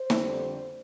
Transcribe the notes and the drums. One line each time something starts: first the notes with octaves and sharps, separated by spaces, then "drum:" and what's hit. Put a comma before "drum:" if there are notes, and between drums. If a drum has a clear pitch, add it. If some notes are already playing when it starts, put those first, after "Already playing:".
Already playing: C5
F2 D3 G3 C4, drum: snare